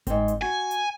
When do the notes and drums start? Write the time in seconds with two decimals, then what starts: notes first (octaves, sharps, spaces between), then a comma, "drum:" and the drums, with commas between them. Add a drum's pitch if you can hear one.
0.07 G#2 C4, drum: kick G1, hi-hat
0.28 drum: hi-hat
0.42 F#4 G#5
0.71 drum: hi-hat